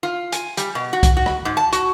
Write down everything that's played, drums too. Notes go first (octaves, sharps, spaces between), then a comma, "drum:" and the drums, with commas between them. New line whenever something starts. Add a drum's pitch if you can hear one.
F4
G#5, drum: hi-hat
G3, drum: hi-hat
B2
F#4
drum: kick B1, hi-hat
F#4
drum: rim click
G#2
A5
F#4, drum: hi-hat